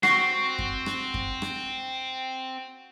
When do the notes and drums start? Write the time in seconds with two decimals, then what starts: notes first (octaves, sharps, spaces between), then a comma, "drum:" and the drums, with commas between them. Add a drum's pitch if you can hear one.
0.03 C4 F#4 C7, drum: rim click
0.59 drum: kick F#2
0.86 drum: rim click
1.14 drum: kick F#2
1.42 drum: rim click